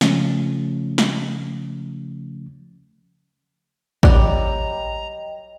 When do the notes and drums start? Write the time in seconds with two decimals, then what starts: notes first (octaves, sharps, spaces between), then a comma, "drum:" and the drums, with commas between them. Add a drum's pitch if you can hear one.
0.01 C#3 F3 A3 C#4, drum: snare
0.98 drum: snare
4.03 F#3 G3 D5 D#5 F#5 G5 A#5, drum: kick A1